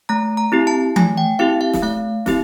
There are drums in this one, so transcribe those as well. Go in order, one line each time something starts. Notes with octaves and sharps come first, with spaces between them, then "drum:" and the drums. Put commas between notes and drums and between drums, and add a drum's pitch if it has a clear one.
A3 A#5
A#5
C4 E4 G4
A5
A3 G#5, drum: tom E3
G5
C4 E4 G4 F5
F5
drum: snare
A3 F5
C4 E4 G4, drum: snare